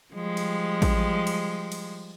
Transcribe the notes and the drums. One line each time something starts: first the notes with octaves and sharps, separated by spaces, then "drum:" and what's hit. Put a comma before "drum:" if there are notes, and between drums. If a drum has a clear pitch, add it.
F3 G3 G#3
drum: cymbal
drum: kick A1, cymbal
drum: cymbal
drum: cymbal